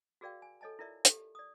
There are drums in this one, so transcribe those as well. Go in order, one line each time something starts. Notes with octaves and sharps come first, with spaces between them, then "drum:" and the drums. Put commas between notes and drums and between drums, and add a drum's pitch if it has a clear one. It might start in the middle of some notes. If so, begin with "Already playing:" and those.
F#4 G#4 A#4 D5 F5 G5
G#5
A4 C#5 D#5 G#5 A5
E4 F4 A#4 D5 E5
G4 A4, drum: hi-hat
D5 D#6